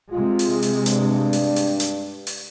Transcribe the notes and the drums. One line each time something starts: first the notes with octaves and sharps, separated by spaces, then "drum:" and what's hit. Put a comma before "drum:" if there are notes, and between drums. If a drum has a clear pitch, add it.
C3 G#3 F4
drum: open hi-hat
drum: open hi-hat
G2 D4, drum: hi-hat
drum: open hi-hat
drum: open hi-hat
drum: hi-hat
drum: open hi-hat